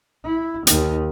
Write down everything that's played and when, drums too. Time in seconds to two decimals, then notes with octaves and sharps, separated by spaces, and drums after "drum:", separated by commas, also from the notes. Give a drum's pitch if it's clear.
0.24 E4
0.67 D#2 D#3, drum: hi-hat